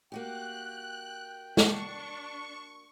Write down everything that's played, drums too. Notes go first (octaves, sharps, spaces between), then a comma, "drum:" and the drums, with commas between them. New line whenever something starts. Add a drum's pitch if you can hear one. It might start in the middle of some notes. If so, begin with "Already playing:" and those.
A#3 F#4 G4 G5 F#6
D4 C#6, drum: snare